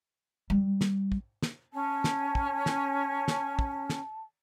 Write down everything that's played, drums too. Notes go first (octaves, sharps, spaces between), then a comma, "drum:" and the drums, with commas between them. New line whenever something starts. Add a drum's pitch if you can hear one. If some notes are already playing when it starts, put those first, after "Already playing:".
G3
drum: snare
drum: kick
drum: snare
C#4 A5
drum: snare
drum: kick
drum: snare
drum: snare
drum: kick
drum: snare